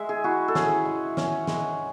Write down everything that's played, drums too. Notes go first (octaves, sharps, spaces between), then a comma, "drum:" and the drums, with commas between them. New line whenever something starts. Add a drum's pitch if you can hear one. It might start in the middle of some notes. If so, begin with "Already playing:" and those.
Already playing: G#3 E5
G#4
E4 F#4
A4
C#4 G#4, drum: snare
G#3
C#4, drum: snare
G#3, drum: snare